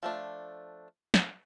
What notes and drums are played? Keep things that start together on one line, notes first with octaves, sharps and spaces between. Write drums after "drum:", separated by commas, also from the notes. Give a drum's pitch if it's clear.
F3 A3 D4
drum: snare